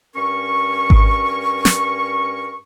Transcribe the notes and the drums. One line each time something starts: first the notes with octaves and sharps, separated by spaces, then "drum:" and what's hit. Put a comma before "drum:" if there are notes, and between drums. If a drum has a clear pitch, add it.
G2 C#4 A#4 C#6
drum: kick G#1
drum: snare